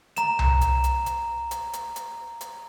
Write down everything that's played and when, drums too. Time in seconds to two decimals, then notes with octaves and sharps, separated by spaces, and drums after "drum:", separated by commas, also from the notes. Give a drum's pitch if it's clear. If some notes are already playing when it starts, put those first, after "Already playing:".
0.16 A#5 E7, drum: hi-hat
0.39 drum: tom C2
0.61 drum: hi-hat
0.84 drum: hi-hat
1.06 drum: hi-hat
1.51 drum: hi-hat
1.73 drum: hi-hat
1.96 drum: hi-hat
2.41 drum: hi-hat